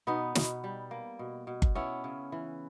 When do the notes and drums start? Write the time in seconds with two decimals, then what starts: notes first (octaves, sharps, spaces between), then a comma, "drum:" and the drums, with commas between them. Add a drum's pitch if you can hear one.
0.07 B2 B3 D#4
0.35 B2, drum: snare
0.64 G3
0.91 A#3
1.19 B2
1.47 B2
1.62 drum: kick G1
1.75 B3 C#4 E4
2.04 C#3
2.32 E3